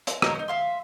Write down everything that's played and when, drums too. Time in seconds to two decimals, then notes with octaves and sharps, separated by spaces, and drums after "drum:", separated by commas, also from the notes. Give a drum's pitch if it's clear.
0.07 E6, drum: hi-hat
0.22 D#4 A#4 C5 C#5, drum: rim click
0.35 C#4 D#4
0.48 E5 F5 C6